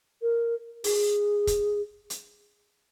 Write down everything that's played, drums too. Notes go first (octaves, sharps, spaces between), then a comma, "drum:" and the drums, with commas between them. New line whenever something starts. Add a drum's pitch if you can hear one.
A#4
G#4, drum: open hi-hat
drum: kick, hi-hat
drum: hi-hat